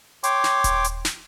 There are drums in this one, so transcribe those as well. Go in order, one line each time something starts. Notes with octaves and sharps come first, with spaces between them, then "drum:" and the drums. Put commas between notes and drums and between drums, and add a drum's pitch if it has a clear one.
C#5 G5 C6 D6, drum: hi-hat
drum: snare
drum: kick D#1, hi-hat
drum: hi-hat
drum: snare